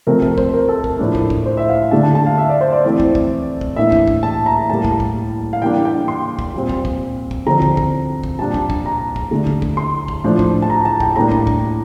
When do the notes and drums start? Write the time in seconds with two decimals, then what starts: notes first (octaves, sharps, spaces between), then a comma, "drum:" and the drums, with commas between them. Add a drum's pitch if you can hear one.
0.07 C3 F3 A3 C4 A#4
0.22 A#4, drum: kick
0.38 C5, drum: kick
0.54 A#4
0.68 A4
0.84 drum: kick
0.99 A2 F3 A3 D4
1.15 drum: kick
1.30 drum: kick
1.46 C5
1.57 E5
1.69 F5
1.91 D3 A3 D4 A5
2.03 A5
2.15 A5
2.26 F5
2.38 E5
2.49 D5
2.61 C5
2.73 D5
2.85 E3 A3 C4
3.00 drum: kick
3.15 drum: kick
3.61 drum: kick
3.76 A2 E3 A#3 D4 E5
3.92 drum: kick
4.08 drum: kick
4.23 A5
4.46 A#5
4.69 A2 G3 A#3 A5
4.85 drum: kick
5.00 drum: kick
5.53 F5
5.62 E3 G3 A#3 D4 G5
5.85 G5
6.08 C6
6.39 drum: kick
6.54 A#2 G3 C4
6.69 drum: kick
6.85 drum: kick
7.31 drum: kick
7.47 D3 F3 C4 A#5
7.62 drum: kick
7.77 drum: kick
8.23 drum: kick
8.39 A#2 G3 D4 A5
8.54 drum: kick
8.70 drum: kick
8.86 A#5
9.16 drum: kick
9.31 D3 A3 D4
9.47 drum: kick
9.62 drum: kick
9.77 C6
10.08 drum: kick
10.24 A2 F3 A3 D4
10.39 drum: kick
10.62 A5
10.70 A#5
10.85 A5
11.00 G5, drum: kick
11.16 A2 G3 A#3 D4 A#5
11.32 drum: kick
11.47 drum: kick